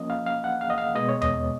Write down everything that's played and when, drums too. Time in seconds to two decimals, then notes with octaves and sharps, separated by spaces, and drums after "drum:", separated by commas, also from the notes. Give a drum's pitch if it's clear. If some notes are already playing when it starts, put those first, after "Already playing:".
Already playing: F3 A#3 C#4 D#5
0.10 F5
0.26 F5
0.44 F#5
0.61 F5
0.70 D#5
0.78 F5
0.95 B2 G#3 B3 D#5
1.09 C#5
1.22 D#5, drum: tom E2